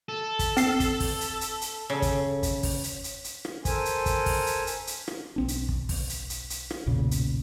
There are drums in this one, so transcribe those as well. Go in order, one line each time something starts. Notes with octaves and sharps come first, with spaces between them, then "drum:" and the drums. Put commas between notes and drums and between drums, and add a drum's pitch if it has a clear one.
A4
drum: kick, hi-hat
C4 C7, drum: hi-hat
drum: kick, hi-hat
drum: kick, open hi-hat
drum: hi-hat
drum: hi-hat
drum: hi-hat
C#3
drum: kick, hi-hat
drum: kick, hi-hat
drum: kick, open hi-hat
drum: hi-hat
drum: hi-hat
drum: hi-hat
drum: rim click
A4 A#4 C5 G#5, drum: kick, hi-hat
drum: hi-hat
drum: kick, hi-hat
drum: kick, open hi-hat
drum: hi-hat
drum: hi-hat
drum: hi-hat
drum: rim click
B1 C4 D4
drum: hi-hat
drum: kick
drum: kick, open hi-hat
drum: hi-hat
drum: hi-hat
drum: hi-hat
drum: rim click
B1 E2 A#2 C#3
drum: hi-hat